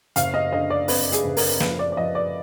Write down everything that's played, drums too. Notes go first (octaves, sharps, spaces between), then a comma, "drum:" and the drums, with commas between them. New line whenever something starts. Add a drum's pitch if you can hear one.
F#1 F5, drum: hi-hat
D#5
D3 D#5
D5
F2 B4, drum: open hi-hat
G#4, drum: hi-hat
F#1
A#4, drum: open hi-hat
F3 B4, drum: snare
D5
D5
F3 D#5
D5